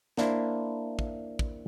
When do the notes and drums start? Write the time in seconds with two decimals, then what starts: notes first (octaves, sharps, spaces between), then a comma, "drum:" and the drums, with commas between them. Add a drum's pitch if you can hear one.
0.17 A#3 D4 E4 C5, drum: snare
0.99 drum: kick
1.39 drum: kick